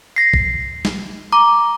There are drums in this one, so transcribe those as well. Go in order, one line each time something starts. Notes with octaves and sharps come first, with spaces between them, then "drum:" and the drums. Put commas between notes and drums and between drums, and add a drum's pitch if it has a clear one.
A#6 C7
drum: kick
drum: snare
A#5 D6